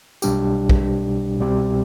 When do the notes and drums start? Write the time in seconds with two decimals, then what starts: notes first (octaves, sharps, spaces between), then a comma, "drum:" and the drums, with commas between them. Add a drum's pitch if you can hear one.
0.22 B1 B2 G3 D4 G4, drum: tambourine
0.69 drum: kick
1.39 C2 B2 G3 C4 G4